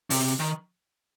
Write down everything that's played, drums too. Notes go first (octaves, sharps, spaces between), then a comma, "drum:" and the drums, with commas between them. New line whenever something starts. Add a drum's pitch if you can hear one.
C3, drum: open hi-hat
D#3